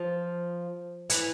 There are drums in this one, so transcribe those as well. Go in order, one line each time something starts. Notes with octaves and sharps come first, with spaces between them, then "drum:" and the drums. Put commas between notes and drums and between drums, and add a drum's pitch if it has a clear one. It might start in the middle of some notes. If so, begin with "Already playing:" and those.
Already playing: F3
E3, drum: hi-hat